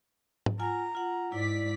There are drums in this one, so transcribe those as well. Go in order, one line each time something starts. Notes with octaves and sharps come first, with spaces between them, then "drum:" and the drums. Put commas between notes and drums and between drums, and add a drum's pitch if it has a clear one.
drum: tom G#2
F4 F#5 G#5 A#5
F4 F#5
G#2 E4 D5 B6